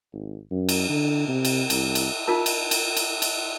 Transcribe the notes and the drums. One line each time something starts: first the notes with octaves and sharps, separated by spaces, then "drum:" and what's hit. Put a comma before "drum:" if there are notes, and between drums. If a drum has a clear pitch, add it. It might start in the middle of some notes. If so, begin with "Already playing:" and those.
G#1
F#2
drum: cymbal
D3
C3
drum: cymbal
C2, drum: cymbal
drum: cymbal
D#4 F4 A#4 A5
drum: cymbal
drum: cymbal
drum: cymbal
drum: cymbal